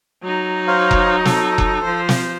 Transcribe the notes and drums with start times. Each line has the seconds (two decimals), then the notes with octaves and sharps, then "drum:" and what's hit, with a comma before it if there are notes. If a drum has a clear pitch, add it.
0.23 F#3 D#4
0.68 C5 C#5 F5
0.91 drum: kick F1
1.25 A4, drum: snare
1.58 drum: kick F1
1.84 F3 C5
2.09 drum: snare